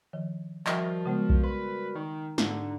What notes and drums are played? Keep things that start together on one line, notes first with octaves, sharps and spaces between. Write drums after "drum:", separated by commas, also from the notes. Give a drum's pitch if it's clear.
D#3 F3
F3 G3 F#4 A#4 D#5 E5 G5, drum: clap
C#3 G#3 B3
drum: kick B1
B4 C6
D#3 D#4
G#2 D3, drum: snare